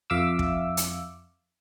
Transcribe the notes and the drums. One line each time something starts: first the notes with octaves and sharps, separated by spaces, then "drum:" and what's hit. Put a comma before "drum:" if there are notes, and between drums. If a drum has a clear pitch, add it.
F2 E5 F5 D6 E6
drum: kick
drum: hi-hat